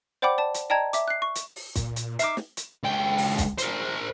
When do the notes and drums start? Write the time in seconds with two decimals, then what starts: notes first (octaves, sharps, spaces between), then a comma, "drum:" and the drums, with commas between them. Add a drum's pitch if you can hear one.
0.22 C5 D5 F#5 G5 B5 D6
0.38 D5 A5
0.55 drum: hi-hat
0.70 D5 D#5 G5 A5 A#5 G#6
0.93 E5 D6, drum: hi-hat
1.08 F#6 C7
1.22 C#6
1.36 drum: hi-hat
1.56 drum: open hi-hat
1.76 A#2, drum: kick, hi-hat
1.96 drum: hi-hat
2.19 D#4 E5 D6 F6 C7, drum: hi-hat
2.37 drum: snare
2.57 drum: hi-hat
2.83 C#2 G5
3.18 drum: open hi-hat
3.38 drum: kick, hi-hat
3.58 A#4 C5, drum: hi-hat